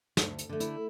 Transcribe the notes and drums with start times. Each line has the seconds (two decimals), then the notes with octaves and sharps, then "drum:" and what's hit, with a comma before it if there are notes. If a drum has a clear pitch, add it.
0.17 D2 A4, drum: snare
0.39 drum: hi-hat
0.49 D3 A3
0.60 E4, drum: hi-hat